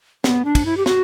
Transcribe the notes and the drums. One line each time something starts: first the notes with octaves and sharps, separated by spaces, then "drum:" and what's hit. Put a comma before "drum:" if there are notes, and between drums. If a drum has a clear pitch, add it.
B3, drum: snare
D4
drum: kick, cymbal
E4
G4
F#4, drum: snare